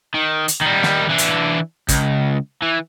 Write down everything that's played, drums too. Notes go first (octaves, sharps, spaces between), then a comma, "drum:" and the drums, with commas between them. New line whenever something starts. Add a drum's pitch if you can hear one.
D#3
drum: hi-hat
D#3 G3
drum: snare
E3 D4
drum: hi-hat
C#2, drum: kick, hi-hat
E3